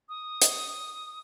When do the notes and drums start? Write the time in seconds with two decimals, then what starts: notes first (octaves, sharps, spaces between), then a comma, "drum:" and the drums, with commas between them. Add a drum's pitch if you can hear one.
0.09 D#6
0.42 drum: hi-hat